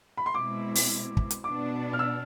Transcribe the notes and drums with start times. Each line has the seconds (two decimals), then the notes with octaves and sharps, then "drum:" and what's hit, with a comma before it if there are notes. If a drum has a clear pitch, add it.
0.18 B5
0.26 C6
0.34 B2 G#3 C4 E4 D6
0.76 drum: open hi-hat
1.17 drum: kick
1.31 drum: hi-hat
1.44 B2 B3 D4 D6
1.93 F6
1.99 E6